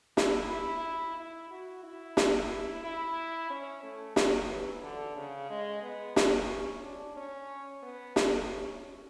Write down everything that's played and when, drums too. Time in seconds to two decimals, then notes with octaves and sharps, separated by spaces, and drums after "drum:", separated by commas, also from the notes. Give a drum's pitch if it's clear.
0.17 E4, drum: snare
0.51 E4
1.17 E4
1.51 F#4
1.84 E4
2.17 drum: snare
2.84 E4
3.50 C#4
3.83 A3
4.16 F#3, drum: snare
4.50 E3
4.83 D3
5.17 C#3
5.50 G#3
5.83 B3
6.16 C#4, drum: snare
6.83 D4
7.16 C#4
7.83 B3
8.16 A3, drum: snare
8.49 C#4